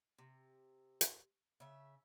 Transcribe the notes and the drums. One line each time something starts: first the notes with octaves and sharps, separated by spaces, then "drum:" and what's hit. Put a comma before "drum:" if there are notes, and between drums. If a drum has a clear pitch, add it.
C3
drum: hi-hat
C#3 E5